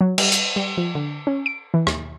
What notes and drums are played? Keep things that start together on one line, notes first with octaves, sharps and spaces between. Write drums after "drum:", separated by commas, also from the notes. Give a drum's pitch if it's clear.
F#3
G3, drum: cymbal
drum: hi-hat
G3
F3
D3
C#4
D7
E3
D#2, drum: rim click